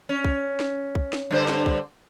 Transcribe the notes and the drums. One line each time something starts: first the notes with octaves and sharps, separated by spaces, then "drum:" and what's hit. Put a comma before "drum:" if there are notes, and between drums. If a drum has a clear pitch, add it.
C#4
drum: kick
drum: snare
drum: kick
drum: snare
G2 D3 C5
drum: snare
drum: kick